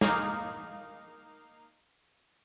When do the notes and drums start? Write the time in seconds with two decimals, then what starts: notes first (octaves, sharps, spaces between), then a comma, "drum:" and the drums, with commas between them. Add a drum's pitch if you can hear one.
0.01 A#3 D#4 F5, drum: snare